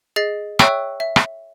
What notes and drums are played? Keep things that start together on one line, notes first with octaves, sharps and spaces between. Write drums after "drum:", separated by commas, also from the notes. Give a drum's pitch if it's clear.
G#4 D#5 A6 C7
C#5 E5 G5 C#6 E6 F#6, drum: rim click
E5
drum: rim click